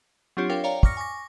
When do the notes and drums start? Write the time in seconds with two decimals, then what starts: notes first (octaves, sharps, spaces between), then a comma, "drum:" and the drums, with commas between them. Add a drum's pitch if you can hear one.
0.37 F#3 C4 D4 F4 G4 C#5
0.50 D4 F4 A#4 C#5 F5 G5
0.64 C#5 D5 F5 G5 A#5
0.83 C#6 D6 F6 A#6 C#7, drum: kick
0.97 G#5 C#6 D6 A#6